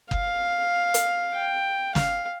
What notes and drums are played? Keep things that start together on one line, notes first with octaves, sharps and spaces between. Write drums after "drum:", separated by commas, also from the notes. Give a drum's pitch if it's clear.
F5, drum: kick F#1
drum: hi-hat
G5
F5, drum: snare